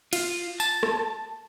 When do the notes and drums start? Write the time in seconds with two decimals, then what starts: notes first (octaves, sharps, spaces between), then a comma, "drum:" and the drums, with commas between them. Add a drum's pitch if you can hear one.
0.13 F4, drum: cymbal
0.60 A5, drum: tambourine
0.83 drum: rim click